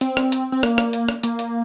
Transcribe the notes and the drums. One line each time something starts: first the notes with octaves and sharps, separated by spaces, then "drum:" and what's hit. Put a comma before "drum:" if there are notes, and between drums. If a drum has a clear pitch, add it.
C4, drum: hi-hat
drum: rim click
drum: hi-hat
C4
A#3, drum: rim click
drum: rim click
drum: hi-hat
drum: rim click
A#3, drum: hi-hat
drum: hi-hat